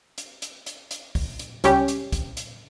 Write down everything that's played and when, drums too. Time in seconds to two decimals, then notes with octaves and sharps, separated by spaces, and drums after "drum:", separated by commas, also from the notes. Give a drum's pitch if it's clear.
0.18 drum: hi-hat
0.42 drum: hi-hat
0.66 drum: hi-hat
0.91 drum: hi-hat
1.15 drum: kick, open hi-hat
1.39 drum: hi-hat
1.64 C#2 G3 C#4 G4, drum: hi-hat
1.88 drum: hi-hat
2.12 drum: kick, hi-hat
2.37 drum: hi-hat